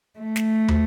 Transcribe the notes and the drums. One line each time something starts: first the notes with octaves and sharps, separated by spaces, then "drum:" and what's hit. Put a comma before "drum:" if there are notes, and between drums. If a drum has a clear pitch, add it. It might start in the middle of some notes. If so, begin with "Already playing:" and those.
A3
drum: snare
drum: tom